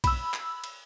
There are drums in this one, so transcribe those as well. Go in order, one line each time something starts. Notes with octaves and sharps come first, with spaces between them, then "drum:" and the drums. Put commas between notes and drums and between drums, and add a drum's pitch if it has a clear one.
B5 E6, drum: kick B1, cymbal
drum: clap
drum: cymbal